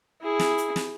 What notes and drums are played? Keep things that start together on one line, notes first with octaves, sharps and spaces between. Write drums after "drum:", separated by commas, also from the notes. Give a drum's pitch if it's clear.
E4 G#4
drum: snare
drum: hi-hat
drum: snare